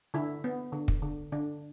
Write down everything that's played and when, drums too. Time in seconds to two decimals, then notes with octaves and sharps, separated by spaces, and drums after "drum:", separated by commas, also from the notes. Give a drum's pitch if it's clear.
0.14 D3 E4
0.44 B3
0.73 D3
0.88 drum: kick
1.02 D3
1.32 D3 D4